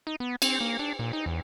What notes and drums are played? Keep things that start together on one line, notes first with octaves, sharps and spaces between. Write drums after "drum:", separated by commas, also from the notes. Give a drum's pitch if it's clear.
D#4
B3
C4, drum: cymbal
A#3
D4
A#2
D#4
E2